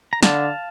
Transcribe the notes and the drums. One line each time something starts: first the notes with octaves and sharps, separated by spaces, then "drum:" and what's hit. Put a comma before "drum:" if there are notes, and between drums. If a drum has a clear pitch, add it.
A#5
D3 F5 A5, drum: snare